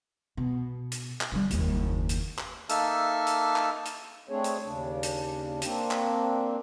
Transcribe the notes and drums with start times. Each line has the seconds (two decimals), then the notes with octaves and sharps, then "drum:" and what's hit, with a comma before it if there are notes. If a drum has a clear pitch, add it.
0.37 B2
0.92 drum: hi-hat
1.21 drum: clap
1.32 D3 G3
1.51 F#1 D#2, drum: hi-hat
2.09 drum: hi-hat
2.39 drum: clap
2.69 A#3 D#4 A4 E5 A5 F6, drum: hi-hat
3.27 drum: hi-hat
3.56 drum: clap
3.85 drum: hi-hat
4.29 A3 C4 D4 G#4 C#5
4.44 drum: hi-hat
4.65 D#2 C#3 D4
5.03 drum: hi-hat
5.62 A#3 C4 D4, drum: hi-hat
5.91 drum: clap